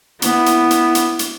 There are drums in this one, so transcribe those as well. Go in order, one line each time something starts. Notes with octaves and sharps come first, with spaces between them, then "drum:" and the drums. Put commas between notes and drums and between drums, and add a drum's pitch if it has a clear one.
B3 E4, drum: hi-hat
drum: hi-hat
drum: hi-hat
drum: hi-hat
drum: hi-hat